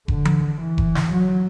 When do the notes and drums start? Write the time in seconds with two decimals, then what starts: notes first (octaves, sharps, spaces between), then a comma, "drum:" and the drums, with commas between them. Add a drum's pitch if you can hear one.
0.08 D3, drum: kick F1
0.25 drum: tom E3
0.61 E3
0.78 drum: kick F1
0.95 drum: snare
1.12 F#3